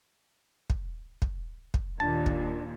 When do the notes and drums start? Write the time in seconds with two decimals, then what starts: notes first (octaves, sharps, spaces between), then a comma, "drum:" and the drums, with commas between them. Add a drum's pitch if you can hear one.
0.70 drum: kick
1.22 drum: kick
1.74 drum: kick
2.00 D#2 A#2 D4 A5
2.26 drum: kick